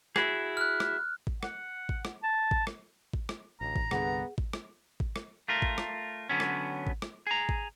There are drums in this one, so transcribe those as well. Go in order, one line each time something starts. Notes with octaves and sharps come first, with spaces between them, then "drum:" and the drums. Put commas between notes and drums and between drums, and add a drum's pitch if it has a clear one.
E4 F#4 G#4, drum: rim click
F6 F#6
drum: rim click
drum: kick G#1
F#5, drum: rim click
drum: kick G#1
drum: rim click
A5
drum: kick G#1
drum: rim click
drum: kick G#1
drum: rim click
A1 D2 A#5
drum: kick G#1
C2 G2 D3 B3 G#4 F#5, drum: rim click
drum: kick G#1
drum: rim click
drum: kick G#1
drum: rim click
A3 F4 A#4
drum: kick G#1
drum: rim click
D3 F#3 B3 C#4
drum: rim click
drum: kick G#1
drum: rim click
G#4 A#5
drum: kick G#1